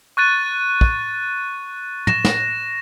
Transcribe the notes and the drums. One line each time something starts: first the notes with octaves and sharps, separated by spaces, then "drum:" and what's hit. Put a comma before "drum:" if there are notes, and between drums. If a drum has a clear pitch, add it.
C#6 F#6 A6 D#7
drum: kick
A#6 E7, drum: tom
drum: snare